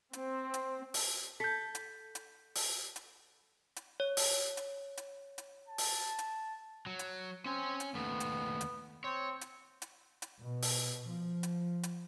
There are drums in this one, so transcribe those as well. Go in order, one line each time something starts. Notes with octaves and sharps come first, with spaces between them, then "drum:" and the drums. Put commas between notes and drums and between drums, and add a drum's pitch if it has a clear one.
C4, drum: hi-hat
drum: hi-hat
drum: open hi-hat
A4 G6 B6
drum: hi-hat
drum: hi-hat
drum: open hi-hat
drum: hi-hat
drum: hi-hat
C#5
drum: open hi-hat
drum: hi-hat
drum: hi-hat
drum: hi-hat
A5
drum: open hi-hat
drum: hi-hat
F#3
drum: hi-hat
C4 C#4 G#5
drum: hi-hat
D#2 A3 B3
drum: hi-hat
drum: hi-hat
C4 C#5
drum: hi-hat
drum: hi-hat
drum: hi-hat
B2
drum: open hi-hat
F3
drum: hi-hat
drum: hi-hat